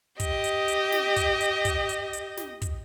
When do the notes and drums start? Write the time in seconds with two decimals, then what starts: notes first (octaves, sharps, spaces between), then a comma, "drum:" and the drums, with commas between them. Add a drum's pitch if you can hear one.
0.20 G4 D#5, drum: kick, hi-hat
0.44 drum: hi-hat
0.68 drum: hi-hat
0.92 drum: snare
1.16 drum: kick, hi-hat
1.41 drum: hi-hat
1.65 drum: kick, hi-hat
1.89 drum: hi-hat
2.13 drum: hi-hat
2.37 drum: snare
2.62 drum: kick, hi-hat